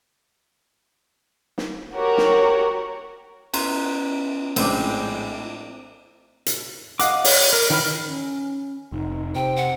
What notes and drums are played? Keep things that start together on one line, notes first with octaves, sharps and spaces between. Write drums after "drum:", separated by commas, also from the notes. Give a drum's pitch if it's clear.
drum: snare
F#4 G4 A#4 C#5
drum: snare
B3 C#4 A#5 C6, drum: cymbal
A#1 A2 G#3 C4 D4, drum: cymbal
drum: hi-hat
D#5 F5 F#5 D6, drum: hi-hat
C#5, drum: open hi-hat
A#4
D#3 E3 B5 F6
C#4
F1 D#4
C3 C5 G5
F#5